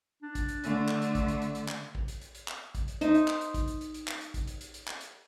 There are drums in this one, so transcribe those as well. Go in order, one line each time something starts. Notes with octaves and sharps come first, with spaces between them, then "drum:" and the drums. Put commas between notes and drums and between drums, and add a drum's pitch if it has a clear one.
D4
drum: kick A1, hi-hat
drum: hi-hat
D3 A3, drum: hi-hat
drum: clap
drum: hi-hat
drum: kick A1, hi-hat
drum: hi-hat
drum: hi-hat
drum: hi-hat
drum: clap
drum: kick A1
drum: hi-hat
drum: hi-hat
drum: hi-hat
drum: clap
drum: kick A1, hi-hat
drum: hi-hat
D#4 C5 E5, drum: hi-hat
drum: hi-hat
drum: clap
drum: hi-hat
drum: kick A1, hi-hat
drum: hi-hat
drum: hi-hat
drum: hi-hat
drum: clap
drum: hi-hat
drum: kick A1, hi-hat
drum: hi-hat
drum: hi-hat
drum: hi-hat
drum: clap
drum: hi-hat